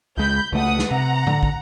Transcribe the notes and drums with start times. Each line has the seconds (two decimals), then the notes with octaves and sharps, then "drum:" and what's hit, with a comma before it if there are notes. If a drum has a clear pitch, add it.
0.17 C#2 G#3 B5 G6
0.52 C#2 A3 B4 F#5 D#6
0.79 drum: snare
0.91 C3 F#5 A#5
1.27 D3, drum: tom A2
1.43 drum: kick